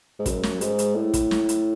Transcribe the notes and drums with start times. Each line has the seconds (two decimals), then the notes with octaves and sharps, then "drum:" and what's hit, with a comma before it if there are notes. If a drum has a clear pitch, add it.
0.19 G#2
0.26 F#2, drum: kick, hi-hat
0.43 drum: snare
0.61 G#2, drum: hi-hat
0.79 drum: hi-hat
0.96 A2
1.14 drum: kick, hi-hat
1.31 drum: snare
1.49 drum: hi-hat